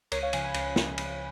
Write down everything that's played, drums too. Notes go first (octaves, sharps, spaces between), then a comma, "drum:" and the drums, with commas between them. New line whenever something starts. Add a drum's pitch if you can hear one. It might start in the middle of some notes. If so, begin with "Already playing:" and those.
C#2 A#4 C#5, drum: cymbal
C#5 F5
C#3 F3 F5 G#5, drum: cymbal
G#5 B5
C#2, drum: cymbal
C#3 F3, drum: snare
C#2, drum: cymbal